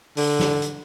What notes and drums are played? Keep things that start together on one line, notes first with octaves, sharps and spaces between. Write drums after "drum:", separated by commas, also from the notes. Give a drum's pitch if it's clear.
D3, drum: open hi-hat
drum: snare
drum: hi-hat